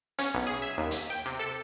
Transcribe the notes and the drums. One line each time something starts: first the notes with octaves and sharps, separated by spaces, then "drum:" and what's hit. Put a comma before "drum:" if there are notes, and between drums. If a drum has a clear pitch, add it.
C#4, drum: hi-hat
B1
G#4
E5
D#2
B6, drum: hi-hat
G5
C3
A4